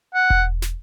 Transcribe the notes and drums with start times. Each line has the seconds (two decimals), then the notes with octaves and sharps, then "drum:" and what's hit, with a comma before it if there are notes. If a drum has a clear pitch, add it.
0.15 F#5
0.30 drum: kick E1
0.62 drum: snare